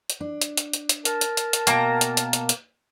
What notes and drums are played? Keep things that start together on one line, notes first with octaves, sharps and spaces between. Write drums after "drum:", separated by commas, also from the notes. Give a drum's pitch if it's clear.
drum: hi-hat
D4
drum: hi-hat
drum: hi-hat
drum: hi-hat
drum: hi-hat
A#4 A5, drum: hi-hat
drum: hi-hat
drum: hi-hat
drum: hi-hat
B2 A#3 G5 A#5, drum: hi-hat
drum: hi-hat
drum: hi-hat
drum: hi-hat
drum: hi-hat